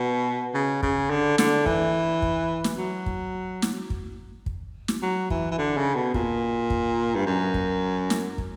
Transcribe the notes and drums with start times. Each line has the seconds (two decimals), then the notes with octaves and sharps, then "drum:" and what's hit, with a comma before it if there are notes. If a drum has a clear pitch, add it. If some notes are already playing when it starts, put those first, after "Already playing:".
Already playing: B2
0.55 C#3
0.83 C#3, drum: kick
1.10 D3
1.38 D3, drum: snare
1.66 E3, drum: kick
2.22 drum: kick
2.64 drum: snare
2.78 F#3
3.06 drum: kick
3.62 drum: snare
3.90 drum: kick
4.46 drum: kick
4.88 drum: snare
5.02 F#3
5.30 E3, drum: kick
5.51 E3
5.58 D3
5.77 C#3
5.95 B2
6.14 A#2, drum: kick
6.70 drum: kick
7.15 G2
7.26 F#2
7.54 drum: kick
8.10 drum: snare
8.38 drum: kick